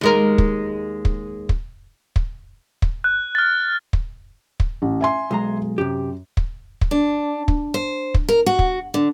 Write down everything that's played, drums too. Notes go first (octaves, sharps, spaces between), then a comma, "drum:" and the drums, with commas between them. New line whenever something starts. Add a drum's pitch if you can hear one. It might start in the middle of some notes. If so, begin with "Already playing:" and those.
D#2 G#3 A#4
drum: kick
drum: kick
drum: kick
drum: kick
drum: kick
F#6
F6 A6
drum: kick
drum: kick
A1
E5 G#5 C6
B1 G#3 A#5
F#2 C3 G4
drum: kick
drum: kick
D4
drum: kick
C5
drum: kick
A#4
F#4
drum: kick
D3